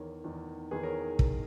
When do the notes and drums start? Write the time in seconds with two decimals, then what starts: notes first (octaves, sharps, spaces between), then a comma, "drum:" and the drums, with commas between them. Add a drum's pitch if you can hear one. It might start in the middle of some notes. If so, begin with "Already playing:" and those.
Already playing: E2 D#3 A#4 C#5
0.24 E2 D#3
0.71 E2 D#3 G#4 B4
0.83 A#4 C#5
1.19 drum: kick